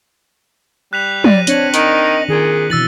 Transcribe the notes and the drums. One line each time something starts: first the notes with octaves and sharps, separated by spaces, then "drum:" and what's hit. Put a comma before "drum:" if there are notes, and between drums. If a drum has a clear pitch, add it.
G3 F#6 B6 F7
D5 A#6 D#7, drum: tom
C4 D4 C#5 A#6 C#7 F#7, drum: hi-hat
D#3 D#5, drum: hi-hat
A#2 D#3 G#4
B2 E3 E6 A6 F#7